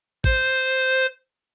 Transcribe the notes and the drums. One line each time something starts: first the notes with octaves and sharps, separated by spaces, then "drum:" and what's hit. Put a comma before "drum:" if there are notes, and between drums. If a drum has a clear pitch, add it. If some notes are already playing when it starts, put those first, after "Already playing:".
C5, drum: kick